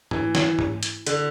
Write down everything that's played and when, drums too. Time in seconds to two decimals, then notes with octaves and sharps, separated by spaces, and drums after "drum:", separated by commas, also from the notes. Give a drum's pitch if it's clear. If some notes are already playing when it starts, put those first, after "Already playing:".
0.11 E3, drum: tom G#2
0.35 drum: snare
0.59 drum: tom G#2
0.83 drum: hi-hat
1.07 D3, drum: hi-hat